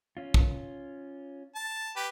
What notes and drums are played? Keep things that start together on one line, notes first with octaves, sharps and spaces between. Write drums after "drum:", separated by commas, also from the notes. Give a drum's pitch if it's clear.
C#4 F4
drum: kick
A5
G4 B4